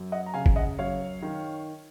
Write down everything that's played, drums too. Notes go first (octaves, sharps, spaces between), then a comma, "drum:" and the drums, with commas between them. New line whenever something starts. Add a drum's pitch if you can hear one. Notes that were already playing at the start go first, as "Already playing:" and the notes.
Already playing: F#2
D#5 F#5
A#5
C#3 F5 G#5
drum: kick G#1
D#5 F#5
F#2 C#5 F5
D#3